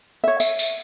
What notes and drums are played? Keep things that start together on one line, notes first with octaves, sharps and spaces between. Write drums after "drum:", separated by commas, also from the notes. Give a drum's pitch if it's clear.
C#5 E5
E5, drum: tambourine
drum: tambourine